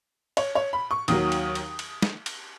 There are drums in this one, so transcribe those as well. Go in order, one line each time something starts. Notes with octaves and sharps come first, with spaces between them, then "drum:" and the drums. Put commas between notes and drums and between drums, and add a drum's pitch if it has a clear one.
C#5, drum: cymbal
C#5
B5
C#6
D#2 D#3 F#3 D#6, drum: cymbal
drum: cymbal
drum: cymbal
drum: cymbal
drum: snare
drum: cymbal